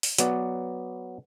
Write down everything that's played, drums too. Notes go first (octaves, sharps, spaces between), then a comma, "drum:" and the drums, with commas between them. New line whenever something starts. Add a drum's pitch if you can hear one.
drum: open hi-hat
F#3 B3 D5, drum: hi-hat